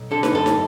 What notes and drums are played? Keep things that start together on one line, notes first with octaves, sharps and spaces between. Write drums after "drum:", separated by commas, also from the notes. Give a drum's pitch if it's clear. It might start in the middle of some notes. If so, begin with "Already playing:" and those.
Already playing: B1
D3 A4
B4, drum: snare
F#2 A4
drum: snare